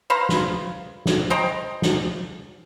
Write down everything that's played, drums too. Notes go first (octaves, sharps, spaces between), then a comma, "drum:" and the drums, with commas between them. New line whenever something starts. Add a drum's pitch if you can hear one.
B4 C5 F5 A#5
drum: snare
drum: snare
C5 D#5 G5 A#5
drum: snare